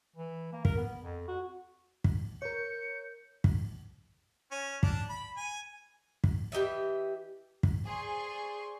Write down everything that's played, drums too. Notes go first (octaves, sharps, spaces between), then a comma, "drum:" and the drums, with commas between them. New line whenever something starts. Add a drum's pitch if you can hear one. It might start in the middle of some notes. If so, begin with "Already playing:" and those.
E3
A#3
A#4, drum: kick
B3
F2
F#4
drum: kick
A#4 C#5 G6 C#7
drum: kick
C#4
D4, drum: kick
B5
G#5
drum: kick
E3 G4 D#5 E5
drum: kick
G#4 C5 D5 C6 C#6